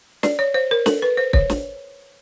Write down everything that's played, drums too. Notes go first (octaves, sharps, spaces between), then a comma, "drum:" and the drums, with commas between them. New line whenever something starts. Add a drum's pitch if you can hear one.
D5, drum: snare
C#5
C5
A#4
A4, drum: snare
B4
C5
C#5, drum: kick
drum: snare